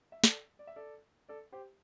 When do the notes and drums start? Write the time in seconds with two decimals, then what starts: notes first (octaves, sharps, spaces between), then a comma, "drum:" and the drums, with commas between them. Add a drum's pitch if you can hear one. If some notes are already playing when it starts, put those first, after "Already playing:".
0.12 E5
0.24 A4 D5, drum: snare
0.59 D5
0.67 E5
0.76 A4 D5
1.29 A4 D5
1.52 G4 C5